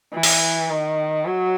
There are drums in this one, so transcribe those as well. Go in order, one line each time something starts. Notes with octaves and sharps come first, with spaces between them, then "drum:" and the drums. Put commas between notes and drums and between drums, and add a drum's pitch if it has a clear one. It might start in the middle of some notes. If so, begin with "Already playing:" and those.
E3
drum: open hi-hat
D#3
F#3